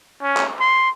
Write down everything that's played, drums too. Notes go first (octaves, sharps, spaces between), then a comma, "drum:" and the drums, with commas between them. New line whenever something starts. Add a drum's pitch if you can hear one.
C#4
drum: clap
C6